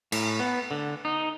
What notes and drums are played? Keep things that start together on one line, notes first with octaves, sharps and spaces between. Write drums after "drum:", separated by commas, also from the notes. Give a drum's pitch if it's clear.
A2, drum: cymbal
B3
D3
D#4